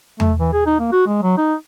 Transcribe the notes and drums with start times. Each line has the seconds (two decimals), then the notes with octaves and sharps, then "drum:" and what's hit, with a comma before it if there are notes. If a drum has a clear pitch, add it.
0.20 A3, drum: tom E2
0.40 E3
0.53 G#4
0.66 D#4
0.79 A#3
0.92 F#4
1.07 G#3
1.22 F#3
1.38 D#4